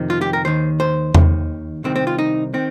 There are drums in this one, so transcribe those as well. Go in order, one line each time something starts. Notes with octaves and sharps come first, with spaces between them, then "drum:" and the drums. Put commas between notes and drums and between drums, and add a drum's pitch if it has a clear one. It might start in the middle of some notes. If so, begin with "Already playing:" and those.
Already playing: F2 C3 D#3
F4
G4
A#4
D#2 D#3 C5
C5
D#2 D#3, drum: tom E2
C2 C3 D#3 C4
C4
F4
D#4
D#3 C4